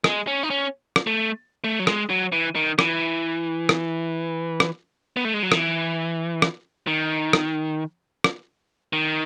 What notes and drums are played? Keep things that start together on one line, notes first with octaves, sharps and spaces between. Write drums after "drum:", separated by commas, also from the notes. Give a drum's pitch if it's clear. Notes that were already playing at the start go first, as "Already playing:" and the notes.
G#3, drum: rim click
C#4
D#4
C#4
drum: rim click
A3
A3
F#3
G#3, drum: rim click
F#3
E3
D#3
E3, drum: rim click
drum: rim click
drum: rim click
B3
A3
G#3
F#3
E3, drum: rim click
drum: rim click
D#3
drum: rim click
drum: rim click
D#3